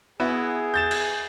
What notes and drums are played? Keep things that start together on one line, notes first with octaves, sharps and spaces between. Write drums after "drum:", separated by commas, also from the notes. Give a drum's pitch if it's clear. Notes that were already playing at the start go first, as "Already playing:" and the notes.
B3 E4 F#4 G#4
G6 A6 E7
drum: cymbal